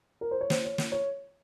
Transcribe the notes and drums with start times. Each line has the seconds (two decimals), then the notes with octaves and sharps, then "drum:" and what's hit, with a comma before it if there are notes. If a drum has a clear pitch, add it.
0.21 A#4
0.31 C5
0.41 C#5
0.50 C5, drum: snare
0.65 C#5
0.78 drum: snare
0.92 C#5